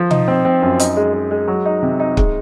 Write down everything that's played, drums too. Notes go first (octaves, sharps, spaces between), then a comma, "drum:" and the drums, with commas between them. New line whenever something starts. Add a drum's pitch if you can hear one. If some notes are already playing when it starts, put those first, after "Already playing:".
Already playing: F3
D#4, drum: tom B2
C4
C4
F#2
D#4, drum: hi-hat
G#3
G#3
G#3
F#3
D#4
C3
D#4
G#3, drum: kick